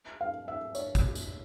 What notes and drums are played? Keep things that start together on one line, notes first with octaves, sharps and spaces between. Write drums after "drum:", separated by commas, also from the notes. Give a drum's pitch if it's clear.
F5
E5
C#5, drum: tambourine
drum: kick, tambourine
drum: tambourine